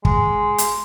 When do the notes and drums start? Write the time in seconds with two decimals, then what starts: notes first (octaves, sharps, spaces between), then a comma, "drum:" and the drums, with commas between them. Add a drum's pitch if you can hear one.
0.05 G#3, drum: kick
0.58 drum: hi-hat